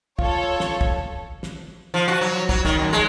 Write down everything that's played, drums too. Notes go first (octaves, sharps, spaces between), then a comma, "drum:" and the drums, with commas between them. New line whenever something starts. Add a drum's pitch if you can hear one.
F4 A4 C#5, drum: kick
drum: snare
drum: kick
drum: snare
F3
F#4
F#3
F#3, drum: kick
D#3, drum: kick
F#2
G#3